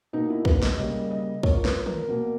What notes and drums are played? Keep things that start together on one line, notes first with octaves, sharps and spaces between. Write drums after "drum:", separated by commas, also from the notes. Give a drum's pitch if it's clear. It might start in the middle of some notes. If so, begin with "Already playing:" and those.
B2 A#3 D#4
E4
B4, drum: kick
D#5, drum: snare
C#3 G3 A#3 D#5
D#5
A#2 A#3 C#5, drum: kick
B4, drum: snare
A#4, drum: tom
B2 A#3